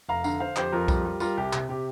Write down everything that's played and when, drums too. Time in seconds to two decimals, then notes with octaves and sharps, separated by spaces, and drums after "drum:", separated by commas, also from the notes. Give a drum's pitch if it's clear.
0.08 F1 F5 A#5
0.24 D3 F5 A#5, drum: tambourine
0.40 D3 C5 F5
0.56 F2 G4 C5, drum: clap
0.72 F2 F4 A#4
0.88 G3, drum: kick B1, tambourine
1.05 G3
1.20 G3 F4 A#4, drum: tambourine
1.37 C2 G4
1.53 C3, drum: clap
1.69 C3 G4